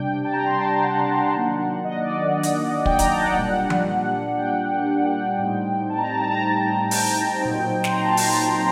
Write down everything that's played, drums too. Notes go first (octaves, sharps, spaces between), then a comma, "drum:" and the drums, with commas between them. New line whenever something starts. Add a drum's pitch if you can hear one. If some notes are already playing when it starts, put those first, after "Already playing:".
Already playing: C3 G3 D4 G5
A5
A#5
C6
A5
G5
F#5
D#3 F#3 A#3 D4
D#5
D5
drum: hi-hat
G5, drum: kick
A#5, drum: hi-hat
A5
F#5
G5
A#2 G3 D4 F#5
drum: tom F3
G5
A2 G3 C4 D#4
A5
A#5
A5
A#5
A5
A#5
A5
G5, drum: open hi-hat
A#2 F#3 C4 D#4
C6, drum: snare
A#5
A5
C6
A#5, drum: open hi-hat
A#5
A5
A#5